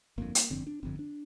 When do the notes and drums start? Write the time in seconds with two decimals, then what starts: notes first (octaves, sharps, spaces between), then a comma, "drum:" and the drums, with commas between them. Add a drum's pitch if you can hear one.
0.18 G1 F2 D3 A#3
0.35 drum: hi-hat
0.50 G1 F2 D3 C4
0.67 D4
0.83 G1 F2 D3 C4
0.99 D4